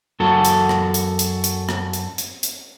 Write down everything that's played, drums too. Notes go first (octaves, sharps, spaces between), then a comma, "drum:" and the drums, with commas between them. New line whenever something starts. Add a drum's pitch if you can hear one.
F#2 F#4 A4
drum: hi-hat
drum: rim click
drum: hi-hat
drum: hi-hat
drum: hi-hat
drum: rim click
drum: hi-hat
drum: hi-hat
drum: hi-hat